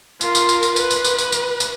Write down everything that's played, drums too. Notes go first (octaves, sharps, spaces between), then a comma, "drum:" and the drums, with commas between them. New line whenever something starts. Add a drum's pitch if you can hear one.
F4 A#4, drum: tambourine
drum: tambourine
drum: tambourine
drum: tambourine
B4, drum: tambourine
drum: tambourine
drum: tambourine
drum: tambourine
drum: tambourine
drum: tambourine